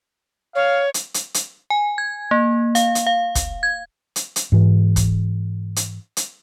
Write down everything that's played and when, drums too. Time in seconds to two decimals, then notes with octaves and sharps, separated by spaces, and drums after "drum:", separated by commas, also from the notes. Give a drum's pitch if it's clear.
0.55 C#5 F5
0.94 drum: hi-hat
1.14 drum: hi-hat
1.34 drum: hi-hat
1.70 G#5
1.98 G#6
2.31 A#3
2.75 F5, drum: hi-hat
2.95 drum: hi-hat
3.07 F5
3.35 drum: kick, hi-hat
3.63 G#6
4.16 drum: hi-hat
4.36 drum: hi-hat
4.52 G#2 E3
4.96 drum: kick, hi-hat
5.76 drum: hi-hat
6.17 drum: hi-hat